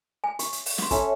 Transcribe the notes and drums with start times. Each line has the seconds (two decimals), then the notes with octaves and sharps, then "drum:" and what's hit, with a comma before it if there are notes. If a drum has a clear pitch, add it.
0.24 G#5
0.39 C#6, drum: hi-hat
0.52 drum: hi-hat
0.66 drum: open hi-hat
0.78 F#5 C6, drum: snare
0.91 C#4 A4 E5 A#5, drum: kick, hi-hat